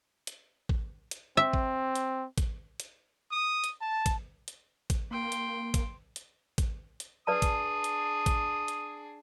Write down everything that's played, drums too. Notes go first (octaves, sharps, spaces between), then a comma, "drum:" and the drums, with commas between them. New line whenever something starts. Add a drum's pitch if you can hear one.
drum: hi-hat
drum: kick A1
drum: hi-hat
C4 E5
drum: kick A1
drum: hi-hat
drum: kick A1, hi-hat
drum: hi-hat
D#6
drum: hi-hat
A5
drum: kick A1, hi-hat
drum: hi-hat
drum: kick A1, hi-hat
A#3 G5 C6
drum: hi-hat
drum: kick A1, hi-hat
drum: hi-hat
drum: kick A1, hi-hat
drum: hi-hat
D4 G#4 B4 D5 A5 D#6
drum: kick A1, hi-hat
drum: hi-hat
drum: kick A1, hi-hat
drum: hi-hat